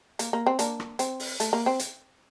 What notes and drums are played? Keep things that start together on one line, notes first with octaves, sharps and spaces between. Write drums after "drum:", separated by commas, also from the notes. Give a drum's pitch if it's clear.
A#3, drum: hi-hat
A#3
C4
A#3 D4, drum: hi-hat
drum: rim click
C4, drum: hi-hat
drum: open hi-hat
A3, drum: hi-hat
A#3
C4
drum: hi-hat